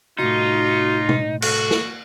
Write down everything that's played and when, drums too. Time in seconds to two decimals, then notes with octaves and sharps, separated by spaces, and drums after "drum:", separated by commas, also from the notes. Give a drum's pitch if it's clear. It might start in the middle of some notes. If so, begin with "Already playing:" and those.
0.19 C2 A2 D#4 F4 F#4
1.09 drum: tom B2
1.42 F#4 A4, drum: cymbal
1.71 drum: snare